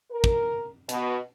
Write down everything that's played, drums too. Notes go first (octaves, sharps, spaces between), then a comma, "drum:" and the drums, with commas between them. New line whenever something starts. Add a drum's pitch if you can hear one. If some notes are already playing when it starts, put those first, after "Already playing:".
A#4
drum: kick
B2, drum: hi-hat